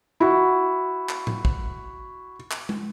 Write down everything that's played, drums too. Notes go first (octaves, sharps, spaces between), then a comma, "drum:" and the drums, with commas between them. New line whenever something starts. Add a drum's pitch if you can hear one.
E4 F#4
drum: clap
drum: tom A2
drum: kick
drum: clap
drum: tom